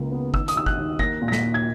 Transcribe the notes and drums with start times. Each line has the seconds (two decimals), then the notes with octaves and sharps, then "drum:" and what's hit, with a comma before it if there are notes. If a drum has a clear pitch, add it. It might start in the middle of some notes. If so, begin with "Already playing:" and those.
Already playing: C#2 C#3 A#3
0.12 B3
0.34 D#3 E6, drum: kick
0.48 D#6, drum: hi-hat
0.55 D#2 E6
0.66 F#6, drum: kick
0.77 D#2
0.99 A#3 A#6, drum: kick
1.22 A#2
1.28 A#6
1.32 B6, drum: snare
1.43 A#3
1.54 G#6